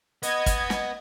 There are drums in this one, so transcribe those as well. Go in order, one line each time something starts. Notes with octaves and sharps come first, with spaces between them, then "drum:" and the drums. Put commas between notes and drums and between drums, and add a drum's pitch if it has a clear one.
B3 D#5 G#6, drum: hi-hat
drum: kick, hi-hat
drum: snare